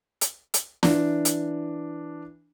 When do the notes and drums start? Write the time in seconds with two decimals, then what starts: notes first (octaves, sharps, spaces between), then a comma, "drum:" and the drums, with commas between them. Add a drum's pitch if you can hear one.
0.21 drum: hi-hat
0.54 drum: hi-hat
0.83 E3 D4, drum: snare
1.25 drum: hi-hat